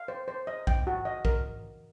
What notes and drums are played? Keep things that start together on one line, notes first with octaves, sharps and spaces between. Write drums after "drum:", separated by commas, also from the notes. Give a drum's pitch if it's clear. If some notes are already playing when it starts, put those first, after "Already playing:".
Already playing: F5
C5
C5
D#5
G5, drum: kick
F#4
D#5
A#4, drum: kick